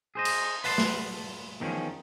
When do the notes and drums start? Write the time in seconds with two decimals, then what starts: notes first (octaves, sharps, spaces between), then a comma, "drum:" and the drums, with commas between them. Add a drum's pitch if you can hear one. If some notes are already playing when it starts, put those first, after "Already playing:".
0.15 G#4 C5 D#5
0.25 drum: cymbal
0.64 B4 F#5 A5 C6, drum: open hi-hat
0.78 drum: snare
1.60 E2 D#3 F3 C#4